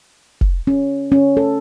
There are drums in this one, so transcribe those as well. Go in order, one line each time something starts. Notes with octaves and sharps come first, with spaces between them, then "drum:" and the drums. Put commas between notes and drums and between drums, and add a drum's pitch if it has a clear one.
drum: kick
C#4
C#4
A4